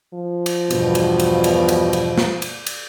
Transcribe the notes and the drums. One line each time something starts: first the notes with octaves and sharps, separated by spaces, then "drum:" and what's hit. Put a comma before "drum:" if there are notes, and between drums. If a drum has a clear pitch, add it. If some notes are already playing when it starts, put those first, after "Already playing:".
F3
drum: cymbal
E2 G2 B2, drum: cymbal
drum: cymbal
drum: cymbal
drum: cymbal
drum: cymbal
drum: cymbal
drum: snare
drum: cymbal
drum: cymbal